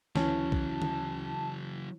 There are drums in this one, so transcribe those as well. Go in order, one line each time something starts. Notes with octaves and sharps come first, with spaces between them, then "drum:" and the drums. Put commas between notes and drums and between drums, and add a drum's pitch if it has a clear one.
D2 C#3 E3 F#3 C#4 A5, drum: snare
drum: kick B1
drum: tom D3